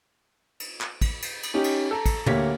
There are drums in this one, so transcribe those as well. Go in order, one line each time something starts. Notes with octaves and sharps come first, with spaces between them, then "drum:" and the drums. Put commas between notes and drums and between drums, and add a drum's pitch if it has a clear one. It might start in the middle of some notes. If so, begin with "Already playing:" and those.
drum: cymbal
drum: clap
drum: kick, cymbal
drum: cymbal
drum: cymbal
C#4 D#4 G4
drum: cymbal
A4 A#5
drum: kick, cymbal
D2 A#3 G4 C#5 B6, drum: tom